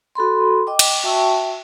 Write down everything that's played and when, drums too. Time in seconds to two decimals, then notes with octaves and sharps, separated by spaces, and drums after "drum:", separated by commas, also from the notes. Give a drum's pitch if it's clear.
0.15 F#4 A4 B5 C6
0.67 D#5 G5 D6
0.79 drum: cymbal
1.04 F#4 E5 G5 A5 C#6 E6